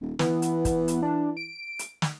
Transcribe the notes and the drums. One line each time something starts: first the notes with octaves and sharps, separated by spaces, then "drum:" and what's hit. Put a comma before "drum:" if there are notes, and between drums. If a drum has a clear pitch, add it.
D#1
E3 B3, drum: snare
drum: hi-hat
drum: kick, hi-hat
drum: hi-hat
D4
D7
drum: hi-hat
drum: snare